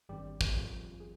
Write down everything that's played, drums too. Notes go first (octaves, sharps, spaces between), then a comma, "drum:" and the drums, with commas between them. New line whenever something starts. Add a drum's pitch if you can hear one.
G#1 G2 G3 C4 G4
drum: kick
F3 F4
G#4